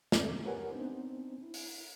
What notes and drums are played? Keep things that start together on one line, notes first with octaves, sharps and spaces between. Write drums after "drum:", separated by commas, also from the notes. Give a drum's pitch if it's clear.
E2 C4 C#4 A4 D6, drum: snare
G4 A#4 B4 C#5 F#5 G#5
B3 C4 D4 D#4 C5
E4
drum: open hi-hat